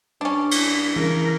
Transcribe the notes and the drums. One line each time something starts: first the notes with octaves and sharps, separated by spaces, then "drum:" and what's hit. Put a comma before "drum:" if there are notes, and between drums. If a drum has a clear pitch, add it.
G2 C#4 D4
drum: cymbal
C#3 E3 A#4